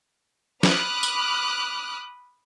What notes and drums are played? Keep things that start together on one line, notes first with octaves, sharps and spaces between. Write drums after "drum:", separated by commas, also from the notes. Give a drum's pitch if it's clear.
B5 D6 D#6 F6 F#6, drum: snare
drum: tambourine